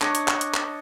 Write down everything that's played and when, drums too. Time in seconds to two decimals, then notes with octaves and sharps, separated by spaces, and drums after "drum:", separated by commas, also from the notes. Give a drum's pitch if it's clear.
0.01 D4 C#5 D#5, drum: clap
0.15 drum: hi-hat
0.28 drum: clap
0.41 drum: hi-hat
0.54 drum: clap